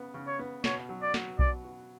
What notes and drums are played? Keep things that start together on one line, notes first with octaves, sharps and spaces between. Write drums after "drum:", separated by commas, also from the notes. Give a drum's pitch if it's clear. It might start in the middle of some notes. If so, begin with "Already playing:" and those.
Already playing: C#3 B3
C#3
C#5
B3
B2 C#5, drum: snare
F#3
D5
F#3, drum: snare
B2 D5, drum: kick B1
F#4